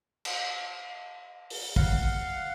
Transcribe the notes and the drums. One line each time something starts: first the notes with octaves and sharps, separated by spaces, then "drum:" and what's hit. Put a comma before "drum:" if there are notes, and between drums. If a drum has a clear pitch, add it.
drum: cymbal
drum: open hi-hat
F5 F#5, drum: kick